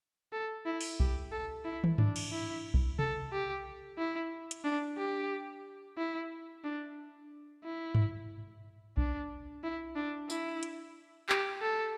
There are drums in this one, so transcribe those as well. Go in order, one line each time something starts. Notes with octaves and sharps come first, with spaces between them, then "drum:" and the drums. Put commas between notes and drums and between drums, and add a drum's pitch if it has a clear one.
A4
E4
drum: open hi-hat
G4, drum: kick B1
A4
E4
drum: tom
D4, drum: tom G2
drum: cymbal
E4
drum: kick B1
A4, drum: tom C3
G4
E4
drum: hi-hat
D4
G4
E4
D4
E4
drum: tom G2
D4, drum: kick B1
E4
D4
E4, drum: tambourine
drum: hi-hat
G4, drum: clap
A4